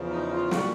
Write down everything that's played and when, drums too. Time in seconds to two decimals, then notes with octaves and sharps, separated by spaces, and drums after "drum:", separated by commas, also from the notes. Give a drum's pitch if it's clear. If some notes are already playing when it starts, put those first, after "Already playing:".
Already playing: E2 C#3 F3
0.11 D#4
0.31 F4
0.51 A#2 G3 F#4, drum: snare